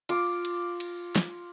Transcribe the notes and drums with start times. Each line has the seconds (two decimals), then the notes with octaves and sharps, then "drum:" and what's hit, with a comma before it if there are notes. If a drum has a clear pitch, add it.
0.09 F4 D6, drum: cymbal
0.45 drum: cymbal
0.80 drum: cymbal
1.16 drum: snare